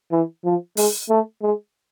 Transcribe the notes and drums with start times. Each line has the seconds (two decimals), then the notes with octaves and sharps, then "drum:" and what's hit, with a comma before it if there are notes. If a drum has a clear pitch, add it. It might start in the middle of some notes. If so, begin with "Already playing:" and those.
0.12 E3
0.45 F3
0.77 G#3, drum: open hi-hat
1.09 A3
1.42 G#3